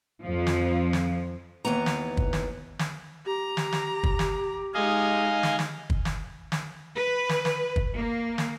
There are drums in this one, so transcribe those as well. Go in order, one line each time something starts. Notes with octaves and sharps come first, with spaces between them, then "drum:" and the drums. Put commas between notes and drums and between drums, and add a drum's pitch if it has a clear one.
F2 F3
drum: snare
drum: snare
D#2 E3 B3 A#5
drum: snare
drum: kick
drum: snare
drum: snare
G4 A#5
drum: snare
drum: snare
drum: kick
drum: snare
G#3 D#4 D#5 F5 G#5
drum: snare
drum: snare
drum: kick
drum: snare
drum: snare
B4
drum: snare
drum: snare
drum: kick
A#3
drum: snare